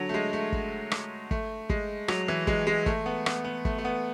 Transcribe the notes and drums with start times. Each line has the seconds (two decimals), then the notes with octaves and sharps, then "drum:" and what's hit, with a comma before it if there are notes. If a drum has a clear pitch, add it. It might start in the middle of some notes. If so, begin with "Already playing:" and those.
Already playing: D3 F#3
0.09 A3
0.14 G#3
0.33 A3
0.52 drum: kick
0.91 drum: rim click
1.31 A3, drum: kick
1.70 G#3, drum: kick
2.08 F#3, drum: rim click
2.28 E3
2.47 G#3, drum: kick
2.67 G#3
2.86 A3, drum: kick
3.06 B3
3.26 B3, drum: rim click
3.44 B3
3.65 A3, drum: kick
3.79 A3
3.85 B3